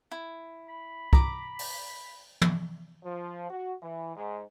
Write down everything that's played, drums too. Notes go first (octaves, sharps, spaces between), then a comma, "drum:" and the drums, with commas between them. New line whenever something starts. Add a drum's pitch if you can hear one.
E4
B5
A#5 D6, drum: kick
drum: open hi-hat
drum: tom
F3
F#4
E3
G#2